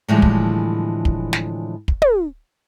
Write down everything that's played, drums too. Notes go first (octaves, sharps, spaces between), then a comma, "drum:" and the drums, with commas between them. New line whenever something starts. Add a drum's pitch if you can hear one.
A2 D3 E3 F3 G3 G#3
drum: kick
drum: kick
drum: snare
drum: kick
drum: tom